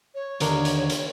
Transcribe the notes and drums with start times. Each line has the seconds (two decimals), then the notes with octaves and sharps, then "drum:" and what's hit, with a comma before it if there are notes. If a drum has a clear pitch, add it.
0.14 C#5
0.40 D#2 D3 A#4, drum: hi-hat
0.65 drum: hi-hat
0.90 drum: hi-hat